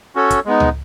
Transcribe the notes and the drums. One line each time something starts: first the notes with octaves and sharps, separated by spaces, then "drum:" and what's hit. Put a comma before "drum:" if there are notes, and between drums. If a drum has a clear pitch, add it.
C#4 F#4 A4 C#5
drum: kick, hi-hat
G#3 B3 D#4
drum: tom C#2